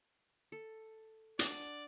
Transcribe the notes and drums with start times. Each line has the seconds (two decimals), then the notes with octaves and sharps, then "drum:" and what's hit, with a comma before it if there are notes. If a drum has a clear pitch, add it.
0.52 A4
1.39 D4 D5 F#5, drum: hi-hat